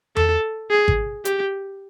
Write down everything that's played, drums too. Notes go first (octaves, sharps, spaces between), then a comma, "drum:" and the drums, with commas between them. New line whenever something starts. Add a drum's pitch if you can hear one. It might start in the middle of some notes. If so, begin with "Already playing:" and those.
A4, drum: tom E2
G#4
drum: kick G#1
G4, drum: hi-hat